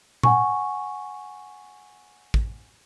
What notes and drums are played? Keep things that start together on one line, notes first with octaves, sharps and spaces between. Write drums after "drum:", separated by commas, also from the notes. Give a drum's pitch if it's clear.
F#5 G#5 C#6, drum: tom A#2
drum: kick